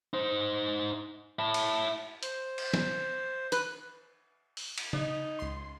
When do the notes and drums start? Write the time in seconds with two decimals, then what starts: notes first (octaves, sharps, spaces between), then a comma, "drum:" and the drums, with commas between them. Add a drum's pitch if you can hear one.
0.13 D#4 C5
1.39 E4 A5
1.54 drum: cymbal
2.23 C5, drum: hi-hat
2.58 drum: cymbal
2.74 drum: snare
3.52 B4, drum: hi-hat
4.57 drum: open hi-hat
4.78 drum: cymbal
4.93 D#4, drum: tom C#3
5.39 C#2 C6